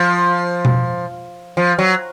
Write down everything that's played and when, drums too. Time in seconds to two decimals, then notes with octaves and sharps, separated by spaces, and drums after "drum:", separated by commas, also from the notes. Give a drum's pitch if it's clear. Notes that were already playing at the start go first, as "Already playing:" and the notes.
Already playing: F3
0.65 drum: tom B2
1.57 F3
1.79 F#3